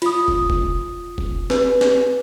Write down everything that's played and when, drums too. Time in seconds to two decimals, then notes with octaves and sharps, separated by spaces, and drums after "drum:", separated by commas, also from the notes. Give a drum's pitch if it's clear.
0.02 F4 D#6, drum: cymbal
0.28 drum: kick
0.50 drum: kick
1.18 drum: kick
1.50 B4, drum: snare
1.81 drum: snare